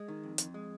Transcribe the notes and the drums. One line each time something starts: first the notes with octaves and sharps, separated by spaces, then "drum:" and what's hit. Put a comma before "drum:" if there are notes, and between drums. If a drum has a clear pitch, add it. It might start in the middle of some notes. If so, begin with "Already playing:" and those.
Already playing: G#3
D#3
F2
F2, drum: hi-hat
G#3